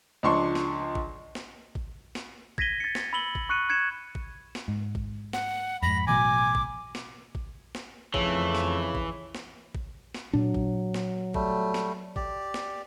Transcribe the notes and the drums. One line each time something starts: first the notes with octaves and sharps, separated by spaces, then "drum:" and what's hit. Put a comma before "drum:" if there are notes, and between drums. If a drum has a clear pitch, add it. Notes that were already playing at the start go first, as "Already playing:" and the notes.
C#2 F3 D4 C6 C#6
drum: snare
drum: kick A1
drum: snare
drum: kick A1
drum: snare
G#6 A#6 B6 D#7 G7, drum: kick A1
A6 C#7
drum: snare
B5 E6 F#7 G7
drum: kick A1
C#6 F#6 C#7 D#7
G#6 C#7 E7
drum: kick A1
drum: snare
G#2
drum: kick A1
F#5, drum: snare
F2 G#2 B5 A#6
A1 B2 F#3 G#5 D6
drum: kick A1
drum: snare
drum: kick A1
drum: snare
F2 C#3 E3 A3, drum: kick A1
drum: snare
drum: kick A1
drum: snare
drum: kick A1
drum: snare
A#2 F#3 D4
drum: kick A1
drum: snare
G3 A3, drum: kick A1
drum: snare
G4 D5, drum: kick A1
drum: snare